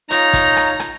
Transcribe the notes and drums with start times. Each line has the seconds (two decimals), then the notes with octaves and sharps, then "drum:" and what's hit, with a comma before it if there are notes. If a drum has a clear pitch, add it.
0.10 D#4 F4 C#5 A#5, drum: hi-hat
0.33 drum: kick, hi-hat
0.56 drum: rim click
0.80 drum: rim click